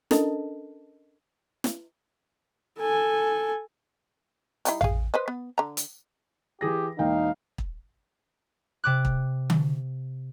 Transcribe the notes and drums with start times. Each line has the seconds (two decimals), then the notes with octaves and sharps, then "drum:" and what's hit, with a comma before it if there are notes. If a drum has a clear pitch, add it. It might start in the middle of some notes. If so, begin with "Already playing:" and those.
0.11 C#4 D4 A4 A#4 D#5 A5, drum: snare
1.64 drum: snare
2.80 A4 G#5
4.65 G3 D#4 E4, drum: hi-hat
4.81 G#4 F5, drum: tom A1
5.14 B4 C5 D#5
5.28 B3
5.58 D3 A#5
5.77 drum: hi-hat
6.61 E3 G4 G#4 A#6
6.99 E1 A#3 D#4 F5 G5
7.58 drum: kick
8.84 C3 D6 F#6
9.05 drum: kick
9.50 drum: tom D3